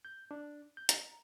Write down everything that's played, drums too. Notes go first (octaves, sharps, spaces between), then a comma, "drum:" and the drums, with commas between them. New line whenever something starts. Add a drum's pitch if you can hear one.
G6
D4
G6
A#5, drum: hi-hat